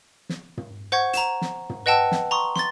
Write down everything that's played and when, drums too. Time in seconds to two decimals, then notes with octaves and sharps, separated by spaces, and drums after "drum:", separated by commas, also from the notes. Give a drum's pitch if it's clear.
0.29 drum: snare
0.57 drum: tom
0.92 C5 F#5 C#6 G#6
1.14 A#5 E7, drum: hi-hat
1.42 drum: snare
1.70 drum: tom
1.86 B4 D#5 F#5 G5 A5 E6
2.12 drum: snare
2.31 A#5 C6 C#6 D#6
2.56 C6 A6, drum: snare